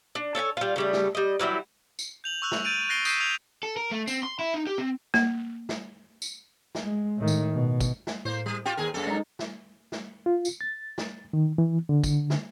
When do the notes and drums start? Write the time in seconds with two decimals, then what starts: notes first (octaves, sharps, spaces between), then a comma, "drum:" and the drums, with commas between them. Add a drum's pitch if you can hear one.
0.15 D4
0.35 A4 C#5 F#5 G#5
0.57 G3 F4
0.76 C#3 G3 A3
0.93 drum: snare
1.15 G3 D#5
1.39 E3 F#3 G3 E4
1.99 drum: tambourine
2.24 G6 F7 F#7
2.42 C#6 E6 F#6 F7
2.52 drum: snare
2.65 G6 A6 D7 D#7 F7
2.89 F#6 A6 A#6 C7 D7 G7
3.05 D#6 G6 B6 C7 D#7 E7, drum: tambourine
3.20 E6 F6 G6 G#6 F7
3.63 A4
3.77 A#4
3.91 A3
4.07 C4, drum: tambourine
4.23 C6
4.39 E4
4.54 D#4
4.67 G4
4.78 C4
5.14 A#3, drum: snare
5.69 drum: snare
6.22 drum: tambourine
6.75 drum: snare
6.84 G#3
7.18 A2 D#3
7.28 drum: tambourine
7.54 B2
7.80 drum: kick, tambourine
8.07 drum: snare
8.25 A2 A#3 C5
8.46 G3
8.65 F4 G4 G5
8.77 D#2 G#4 A#4
8.94 F#2 A#3 A4
9.07 G#3 D#4
9.39 drum: snare
9.92 drum: snare
10.26 F4
10.45 drum: tambourine
10.61 A6
10.98 drum: snare
11.33 D#3
11.58 E3
11.89 D3
12.04 drum: kick, tambourine
12.30 drum: snare